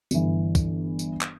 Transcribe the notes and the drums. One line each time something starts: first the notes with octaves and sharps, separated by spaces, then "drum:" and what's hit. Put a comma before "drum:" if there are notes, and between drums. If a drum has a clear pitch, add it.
G1 E3, drum: tambourine
drum: kick, tambourine
drum: tambourine
drum: clap